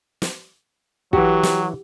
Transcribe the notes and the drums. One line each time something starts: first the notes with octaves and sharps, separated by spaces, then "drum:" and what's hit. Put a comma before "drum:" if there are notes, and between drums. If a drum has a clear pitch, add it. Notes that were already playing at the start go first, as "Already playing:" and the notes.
drum: snare
E3 F#3 F#4 G4, drum: kick
drum: snare